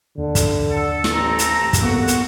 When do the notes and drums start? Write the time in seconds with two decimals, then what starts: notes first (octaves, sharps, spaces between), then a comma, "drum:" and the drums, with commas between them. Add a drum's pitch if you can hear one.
0.18 D#2 D3
0.35 drum: kick, hi-hat
0.71 A4
1.04 drum: snare
1.13 A1 C4 A4 A#5
1.39 drum: hi-hat
1.73 drum: kick, hi-hat
1.82 C2 A#3 B3 F#4 A4
2.08 drum: hi-hat